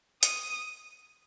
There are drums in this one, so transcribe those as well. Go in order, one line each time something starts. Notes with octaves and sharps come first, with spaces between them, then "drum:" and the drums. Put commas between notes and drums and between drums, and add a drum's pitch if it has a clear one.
D#6, drum: hi-hat